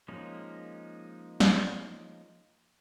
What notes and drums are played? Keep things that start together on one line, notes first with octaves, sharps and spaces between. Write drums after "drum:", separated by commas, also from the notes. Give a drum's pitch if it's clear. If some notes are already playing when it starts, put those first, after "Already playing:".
F3 G#3 A#3 C#4 D#4
drum: snare